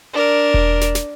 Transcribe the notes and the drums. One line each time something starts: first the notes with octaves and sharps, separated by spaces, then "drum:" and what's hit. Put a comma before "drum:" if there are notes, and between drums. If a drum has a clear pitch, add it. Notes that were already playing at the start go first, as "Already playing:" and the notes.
D4 A#4
drum: kick E1
drum: snare
drum: snare